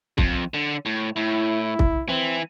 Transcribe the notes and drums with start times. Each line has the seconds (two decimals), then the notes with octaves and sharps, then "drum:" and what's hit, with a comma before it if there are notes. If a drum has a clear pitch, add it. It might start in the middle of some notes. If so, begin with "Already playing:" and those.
0.18 F2, drum: kick
0.54 D3
0.86 A2
1.16 A2 E4
1.79 drum: kick
2.09 E3 C4